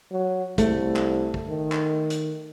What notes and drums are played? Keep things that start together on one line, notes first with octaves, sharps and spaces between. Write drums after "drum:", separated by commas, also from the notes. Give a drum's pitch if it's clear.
F#3
C2 A3, drum: kick, hi-hat
drum: clap
drum: kick
D#3
drum: clap
drum: hi-hat